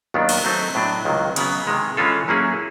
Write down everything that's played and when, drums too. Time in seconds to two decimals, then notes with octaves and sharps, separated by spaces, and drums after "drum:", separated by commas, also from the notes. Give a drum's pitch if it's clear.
0.14 D#2 D#3 F#3 B3 D4
0.29 drum: cymbal
0.44 F#3 A3 C4 D#4
0.75 A2 F#3 B3 D4
1.05 C#2 C3 D#3 F#3
1.36 C#3 F#3 B3, drum: cymbal
1.67 C3 D#3 G#3
1.97 E3 G#3 C#4 F4 A4
2.28 F#3 A#3 C#4 E4 G#4